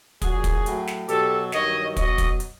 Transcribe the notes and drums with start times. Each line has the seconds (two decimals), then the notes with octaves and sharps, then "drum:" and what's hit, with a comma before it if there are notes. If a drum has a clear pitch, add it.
0.22 A#2 F#3 F#4 G#4, drum: kick, hi-hat
0.44 drum: kick, hi-hat
0.66 A2 F#3, drum: hi-hat
0.87 drum: snare
1.09 B2 F#3 G4 A4, drum: hi-hat
1.52 G2 D#3 F#3 C#5 D#5, drum: snare
1.97 B2 F#3 C#5 D#5, drum: kick, hi-hat
2.18 drum: kick, hi-hat
2.40 drum: hi-hat